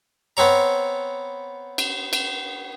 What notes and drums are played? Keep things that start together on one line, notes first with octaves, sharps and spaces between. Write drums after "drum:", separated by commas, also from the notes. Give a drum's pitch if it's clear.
B3 C4 C#5 A#5
drum: cymbal
drum: cymbal